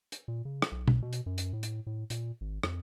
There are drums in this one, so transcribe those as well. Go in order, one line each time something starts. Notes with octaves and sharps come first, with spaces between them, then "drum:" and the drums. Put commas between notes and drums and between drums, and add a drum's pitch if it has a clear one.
drum: hi-hat
A#2
C#3
drum: rim click
B1
drum: tom B2
B2
drum: hi-hat
F#2
drum: hi-hat
A2
drum: hi-hat
A2
A#2, drum: hi-hat
G#1
F2, drum: rim click